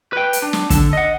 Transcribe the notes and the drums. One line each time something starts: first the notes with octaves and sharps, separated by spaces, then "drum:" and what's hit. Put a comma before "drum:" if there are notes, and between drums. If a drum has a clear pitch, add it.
B4 G5
drum: hi-hat
D4
drum: snare
D3 A5, drum: kick, hi-hat
D#5 F#5